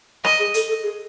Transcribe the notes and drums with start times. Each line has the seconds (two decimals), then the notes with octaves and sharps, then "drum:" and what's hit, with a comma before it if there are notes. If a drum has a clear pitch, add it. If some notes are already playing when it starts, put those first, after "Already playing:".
0.24 D#5, drum: rim click
0.39 G#4
0.54 A4, drum: hi-hat
0.68 A4
0.83 G#4